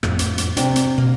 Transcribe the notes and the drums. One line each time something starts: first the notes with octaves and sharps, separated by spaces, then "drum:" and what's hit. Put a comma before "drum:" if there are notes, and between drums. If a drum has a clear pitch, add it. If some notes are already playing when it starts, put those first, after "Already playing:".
F2 A2, drum: rim click
drum: hi-hat
drum: hi-hat
C3 D4, drum: hi-hat
drum: hi-hat
B2 A#3